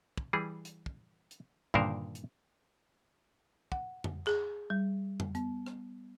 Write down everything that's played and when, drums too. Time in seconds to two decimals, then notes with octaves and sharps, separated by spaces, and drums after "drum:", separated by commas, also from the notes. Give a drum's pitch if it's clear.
0.17 drum: kick
0.33 E3 G3 G#4
0.65 drum: hi-hat
0.86 drum: kick
1.31 drum: hi-hat
1.74 G2 A#2 D3 D#3 A#4 C5, drum: kick
2.15 drum: hi-hat
3.72 F#5, drum: kick
4.04 drum: tom F2
4.27 G#4, drum: clap
4.70 G3
5.20 drum: tom F2
5.35 B3, drum: hi-hat
5.66 drum: rim click